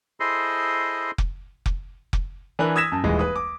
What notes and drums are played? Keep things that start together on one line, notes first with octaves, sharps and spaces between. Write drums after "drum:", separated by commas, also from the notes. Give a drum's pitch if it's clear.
E4 G#4 A4 C5 D#5 C6
drum: kick F1
drum: kick F1
drum: kick F1
E3 D4 E4 A#4 G#5 F#6
D#6 E6 G#6 A#6 B6 E7
F#2 A5
D#1 E3 G#3
B4 D#6
D6